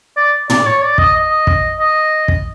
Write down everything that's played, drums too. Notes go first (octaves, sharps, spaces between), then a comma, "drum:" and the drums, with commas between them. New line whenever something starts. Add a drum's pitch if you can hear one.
D5
D5, drum: tom
C#5
D5
D#5, drum: kick
D#5
drum: kick
D#5
drum: kick